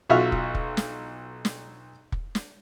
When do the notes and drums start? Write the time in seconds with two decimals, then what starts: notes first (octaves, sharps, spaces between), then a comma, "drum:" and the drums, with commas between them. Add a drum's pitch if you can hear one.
0.09 B1 F4 F#4 E5 E6 F6
0.32 drum: kick
0.55 drum: kick
0.77 drum: snare
1.45 drum: snare
2.12 drum: kick
2.35 drum: snare